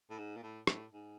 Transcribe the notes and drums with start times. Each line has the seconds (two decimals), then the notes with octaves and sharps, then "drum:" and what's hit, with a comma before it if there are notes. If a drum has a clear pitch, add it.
0.10 A2
0.18 G#2
0.36 A#2
0.43 A2
0.67 A2, drum: rim click
0.92 G#2